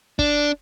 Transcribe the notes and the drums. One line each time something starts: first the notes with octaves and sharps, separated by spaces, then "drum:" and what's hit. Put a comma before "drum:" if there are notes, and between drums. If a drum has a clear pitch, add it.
D4, drum: kick